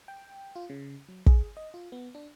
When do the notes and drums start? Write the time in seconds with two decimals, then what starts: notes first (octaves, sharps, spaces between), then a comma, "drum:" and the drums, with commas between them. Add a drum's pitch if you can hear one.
0.08 G5
0.56 F4
0.70 C#3
1.08 F#3
1.26 G#4, drum: kick
1.57 D#5
1.74 F4
1.92 B3
2.15 D4